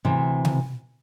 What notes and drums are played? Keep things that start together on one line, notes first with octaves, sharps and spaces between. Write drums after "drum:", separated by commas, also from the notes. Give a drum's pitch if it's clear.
D2 C3 E3
drum: tom C3